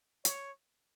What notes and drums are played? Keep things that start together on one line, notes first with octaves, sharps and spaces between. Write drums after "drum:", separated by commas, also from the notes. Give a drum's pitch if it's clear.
C#5, drum: hi-hat